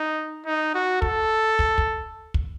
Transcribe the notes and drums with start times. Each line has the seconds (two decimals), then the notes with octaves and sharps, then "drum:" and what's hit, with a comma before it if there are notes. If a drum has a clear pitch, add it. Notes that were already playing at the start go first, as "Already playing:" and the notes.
Already playing: D#4
0.46 D#4
0.75 F#4
1.02 A4, drum: kick
1.59 drum: kick
1.78 drum: kick
2.34 drum: kick